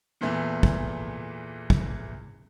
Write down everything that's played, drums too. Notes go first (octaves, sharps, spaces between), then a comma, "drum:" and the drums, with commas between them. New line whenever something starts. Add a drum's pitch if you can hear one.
E2 A#2 E3 A3
drum: kick
drum: kick